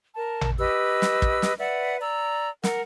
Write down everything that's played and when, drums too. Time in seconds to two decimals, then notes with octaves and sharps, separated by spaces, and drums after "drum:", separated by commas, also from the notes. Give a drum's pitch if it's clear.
0.15 A#4 A5
0.41 drum: tom A1
0.59 G4 B4 D#5 E6
1.02 drum: snare
1.22 drum: kick
1.42 drum: snare
1.59 B4 D5 E5 F#5
2.00 D5 A#5 E6
2.64 A#4 F#5, drum: snare